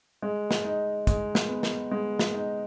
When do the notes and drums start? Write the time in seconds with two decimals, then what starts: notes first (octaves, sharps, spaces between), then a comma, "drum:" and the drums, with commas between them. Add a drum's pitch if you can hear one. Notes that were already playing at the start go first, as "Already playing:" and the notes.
0.22 G#3
0.51 drum: snare
0.65 D#4
1.07 G#3, drum: kick, hi-hat
1.35 drum: snare
1.49 B3
1.63 drum: snare
1.91 G#3
2.19 drum: snare
2.34 D#4